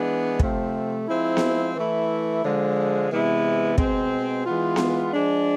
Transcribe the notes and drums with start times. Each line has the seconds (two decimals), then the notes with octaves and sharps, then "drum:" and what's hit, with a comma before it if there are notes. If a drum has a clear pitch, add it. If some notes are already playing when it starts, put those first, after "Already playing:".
Already playing: E3 G#3 B3 D4
0.40 C3 F3 A3 C4, drum: kick
1.07 F3 G#3 C4 E4
1.37 drum: snare B3
1.75 E3 A3 E4
2.43 D3 F3 G#3
3.11 C3 E3 G#3 B3 E4
3.78 B2 G#3 C4, drum: kick
4.45 E3 G#3 B3 F4
4.76 drum: snare B3
5.13 F3 G#3 D4